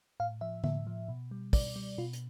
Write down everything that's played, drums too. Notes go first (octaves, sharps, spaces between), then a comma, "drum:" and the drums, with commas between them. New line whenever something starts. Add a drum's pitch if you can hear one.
A2 F5
F3 E5
A2 E5, drum: tom D3
F3
B2
G3
B2 D5, drum: kick, open hi-hat
G3
B2 F4
drum: hi-hat